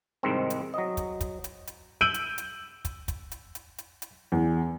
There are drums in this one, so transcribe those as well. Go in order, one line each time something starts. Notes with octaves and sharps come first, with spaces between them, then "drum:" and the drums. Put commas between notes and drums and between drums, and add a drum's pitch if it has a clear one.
C2 G#2 D#3 C4
drum: hi-hat
F#3 D#5
drum: kick, hi-hat
drum: kick, hi-hat
drum: hi-hat
drum: hi-hat
E6 G6 D7 D#7 F#7 G7
drum: hi-hat
drum: hi-hat
drum: kick, hi-hat
drum: kick, hi-hat
drum: hi-hat
drum: hi-hat
drum: hi-hat
drum: hi-hat
E2